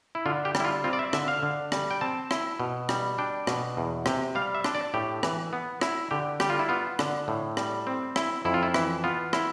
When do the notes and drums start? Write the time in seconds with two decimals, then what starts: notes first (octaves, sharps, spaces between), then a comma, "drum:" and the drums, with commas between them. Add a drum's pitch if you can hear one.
0.15 E4
0.26 D3 F4
0.45 G4
0.55 G3, drum: rim click
0.60 E4
0.65 F4
0.84 C4 F4
0.93 D5
0.99 E5
1.13 D3 E5, drum: rim click
1.28 F5
1.43 D3
1.72 G3, drum: rim click
1.91 G5
2.01 C4 A5
2.31 E4, drum: rim click
2.60 B2
2.89 G3, drum: rim click
3.18 D4 G5
3.47 B2, drum: rim click
3.77 E2
4.06 C3, drum: rim click
4.35 G3 F5
4.55 E5
4.64 D4, drum: rim click
4.75 D5
4.94 A2 G4
5.23 E3, drum: rim click
5.53 B3
5.81 E4, drum: rim click
6.11 D3 G4
6.40 G3 G4, drum: rim click
6.50 F4
6.59 E4
6.69 B3 F4
6.99 D3, drum: rim click
7.28 A2
7.57 G3, drum: rim click
7.87 C4
8.16 E4, drum: rim click
8.45 F2 E4
8.54 F4
8.63 E4
8.74 E3 E4, drum: rim click
9.04 B3 F4
9.33 E4, drum: rim click